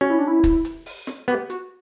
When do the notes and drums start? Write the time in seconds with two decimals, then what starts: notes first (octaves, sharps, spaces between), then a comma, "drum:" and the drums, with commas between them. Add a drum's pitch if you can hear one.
0.01 C#4 F#4
0.10 E4
0.19 D4
0.28 E4
0.44 drum: kick, hi-hat
0.65 drum: hi-hat
0.86 drum: open hi-hat
1.07 drum: snare
1.28 B3 G4, drum: hi-hat
1.50 F#4, drum: hi-hat